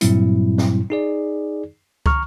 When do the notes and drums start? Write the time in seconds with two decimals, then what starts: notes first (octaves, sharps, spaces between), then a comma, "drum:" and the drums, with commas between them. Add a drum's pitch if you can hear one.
0.01 G2 A#2 F#3 G3 C4 E4, drum: hi-hat
0.58 drum: snare
0.90 D#4 G#4 D5
2.06 A#5 C#6 F6, drum: kick